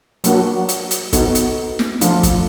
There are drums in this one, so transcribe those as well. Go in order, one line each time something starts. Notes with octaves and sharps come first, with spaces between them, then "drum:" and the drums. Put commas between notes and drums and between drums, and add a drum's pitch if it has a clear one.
F#3 A#3 D4 F#4, drum: hi-hat
drum: hi-hat
drum: hi-hat
B3 D#4 F#4 A4, drum: kick, hi-hat
drum: hi-hat
drum: snare
F3 A3 D4 F4, drum: hi-hat
drum: kick, hi-hat